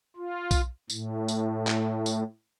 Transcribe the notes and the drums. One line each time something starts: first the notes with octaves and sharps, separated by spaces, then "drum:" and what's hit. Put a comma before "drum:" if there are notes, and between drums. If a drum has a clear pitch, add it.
F4
drum: kick B1, tambourine
A2, drum: tambourine
drum: tambourine
drum: clap
drum: tambourine